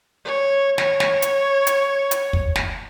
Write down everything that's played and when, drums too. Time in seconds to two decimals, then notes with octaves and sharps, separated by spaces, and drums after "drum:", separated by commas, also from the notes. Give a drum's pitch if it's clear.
0.25 C#5
0.78 C#5, drum: snare
1.00 drum: snare
1.22 drum: hi-hat
1.67 drum: hi-hat
2.11 drum: hi-hat
2.33 drum: kick
2.56 drum: snare